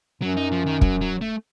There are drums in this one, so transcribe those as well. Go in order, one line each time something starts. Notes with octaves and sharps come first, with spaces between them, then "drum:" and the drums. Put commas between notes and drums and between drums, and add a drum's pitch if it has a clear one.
F#2 F#3
D#4
F3
D#3
F#3, drum: kick
F#3
A3